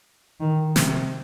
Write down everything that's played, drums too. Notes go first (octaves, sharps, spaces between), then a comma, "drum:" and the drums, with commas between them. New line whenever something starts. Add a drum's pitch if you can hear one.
D#3
C3, drum: snare